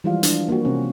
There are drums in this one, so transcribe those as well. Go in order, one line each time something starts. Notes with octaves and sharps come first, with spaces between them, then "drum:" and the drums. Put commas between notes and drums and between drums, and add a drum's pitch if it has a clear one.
E3 F3 G3 G#3 F4 F5
D4, drum: hi-hat
A#3 F4 F#4
C3 C4 C#4